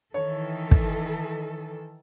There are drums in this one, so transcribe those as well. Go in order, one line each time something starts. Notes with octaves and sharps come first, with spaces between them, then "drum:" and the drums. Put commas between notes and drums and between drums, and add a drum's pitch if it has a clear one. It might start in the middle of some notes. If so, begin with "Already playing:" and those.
D#3 E3 A4 C#5
drum: kick